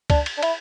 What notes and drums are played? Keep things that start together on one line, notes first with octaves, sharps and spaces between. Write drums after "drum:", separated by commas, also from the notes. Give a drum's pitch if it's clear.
D4, drum: kick C#2, cymbal
drum: cymbal
D4
E4, drum: cymbal